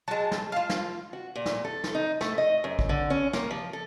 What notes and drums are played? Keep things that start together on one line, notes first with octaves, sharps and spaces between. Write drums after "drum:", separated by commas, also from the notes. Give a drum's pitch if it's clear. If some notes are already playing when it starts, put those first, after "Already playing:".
F#3 G#3 A5
drum: snare
F4 F5 A5
drum: snare
F#4
A#2
drum: snare
A4
drum: snare
D#4
A3, drum: snare
D#5
F#2
drum: kick
D3
C#4
A#3, drum: snare
F3
A4